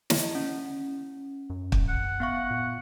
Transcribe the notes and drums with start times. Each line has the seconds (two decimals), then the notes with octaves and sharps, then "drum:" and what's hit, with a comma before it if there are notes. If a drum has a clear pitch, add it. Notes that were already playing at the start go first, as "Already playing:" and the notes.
0.10 E4 D#5, drum: snare
0.35 C#4
1.50 F#2
1.72 drum: kick
1.88 F#5
2.20 B3 F5 C#6
2.51 A#2